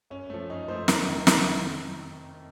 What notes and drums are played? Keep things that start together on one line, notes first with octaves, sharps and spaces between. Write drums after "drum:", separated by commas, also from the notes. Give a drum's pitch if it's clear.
F#2 C#4
F3 A3
F#2 D#4
F3 A3 C5
F2 A#4, drum: snare
C3 D#3 A3
drum: snare